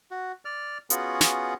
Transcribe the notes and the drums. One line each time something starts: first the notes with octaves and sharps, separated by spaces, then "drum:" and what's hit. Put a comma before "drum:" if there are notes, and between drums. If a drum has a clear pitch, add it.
F#4
D5 F6
B3 C#4 F4 F#4 G#4 F#5, drum: hi-hat
drum: snare